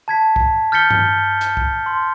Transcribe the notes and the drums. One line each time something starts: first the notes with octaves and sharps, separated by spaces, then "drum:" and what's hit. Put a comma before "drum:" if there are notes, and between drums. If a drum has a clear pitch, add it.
A5 G#6 B6
drum: kick
F6 G6 A6 B6 C#7 G7
drum: tom G2
drum: hi-hat
drum: kick
C6